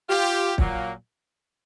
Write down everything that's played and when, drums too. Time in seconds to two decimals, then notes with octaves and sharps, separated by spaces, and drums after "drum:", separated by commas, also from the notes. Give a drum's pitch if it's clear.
0.09 F4 G4
0.58 A#2 F#3 A#3, drum: kick